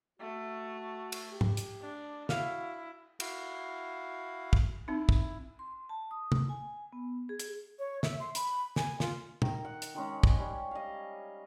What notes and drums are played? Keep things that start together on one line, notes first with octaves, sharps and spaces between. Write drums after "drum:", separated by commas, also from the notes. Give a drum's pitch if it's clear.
A3 F#4
drum: cymbal
G4
drum: tom
drum: hi-hat
D4
E4 F#4 F5, drum: snare
E4 F#4 F5, drum: cymbal
drum: kick
C4 D#4 E4
drum: kick
C6
A5
D#6
drum: tom
G#5
B3
G#4
drum: hi-hat
C#5
E5, drum: snare
C6
B5, drum: hi-hat
G#5, drum: snare
F4, drum: snare
D#3, drum: tom
F#5
drum: hi-hat
D#3 G#3 C#4
G#4, drum: kick
G3 C#4
D#5 F5